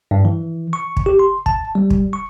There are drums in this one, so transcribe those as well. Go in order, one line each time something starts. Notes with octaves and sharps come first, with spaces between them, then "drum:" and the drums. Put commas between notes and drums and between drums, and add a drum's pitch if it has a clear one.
G2
E3
C#6
drum: kick
G4
C6
A5, drum: kick
G3
drum: kick
C#6